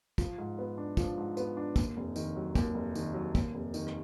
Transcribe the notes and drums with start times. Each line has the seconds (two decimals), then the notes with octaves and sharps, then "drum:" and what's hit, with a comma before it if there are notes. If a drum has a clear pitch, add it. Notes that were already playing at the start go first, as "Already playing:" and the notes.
0.18 F3, drum: kick, tambourine
0.38 G#2
0.59 B3
0.78 D4
0.97 F3, drum: kick, tambourine
1.18 G#2
1.37 B3, drum: tambourine
1.57 D4
1.76 D#2, drum: kick, tambourine
1.97 F1
2.16 D#3, drum: tambourine
2.36 F#3
2.55 D#2, drum: kick, tambourine
2.74 F1
2.95 D#3, drum: tambourine
3.14 F#3
3.35 D#2, drum: kick, tambourine
3.54 F1
3.74 D#3, drum: tambourine
3.87 drum: rim click